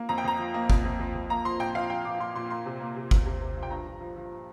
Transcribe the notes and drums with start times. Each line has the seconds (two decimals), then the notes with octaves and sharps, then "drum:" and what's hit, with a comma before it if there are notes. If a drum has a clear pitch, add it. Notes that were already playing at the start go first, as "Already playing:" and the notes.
Already playing: A#3
0.09 F2 A#5
0.18 G5
0.24 F2 A#5
0.39 F3
0.54 A#3
0.70 F2, drum: kick F#1
0.85 F2
1.00 F2
1.15 F2
1.30 A#3 A#5
1.45 F3 C6
1.60 A#2 G5
1.74 F3 F5
1.90 F3 G5
2.05 A#2 D6
2.20 A#2 C6
2.35 A#2 C6
2.50 A#3 C6
2.66 C3
2.80 A#3
2.96 C3
3.11 C3, drum: kick F#1
3.26 C3
3.41 C3
3.56 F3
3.63 G5
3.71 G2 A#5
3.86 F3
4.01 F3
4.16 F3